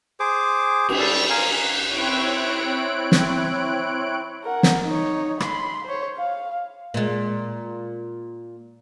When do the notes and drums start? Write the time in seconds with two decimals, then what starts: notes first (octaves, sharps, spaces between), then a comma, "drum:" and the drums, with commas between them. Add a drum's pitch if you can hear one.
0.20 G#4 C5 D6
0.89 drum: cymbal
0.99 G3 A4
1.30 A#4 F5 G#5
1.88 C4 E4 C#5 F#6 D7
3.12 drum: snare
4.44 A#4 F#5
4.63 drum: snare
4.85 D#4 C#5
5.40 B5 C6, drum: rim click
5.85 C5 C#5
6.16 F5
6.94 A#2 G#3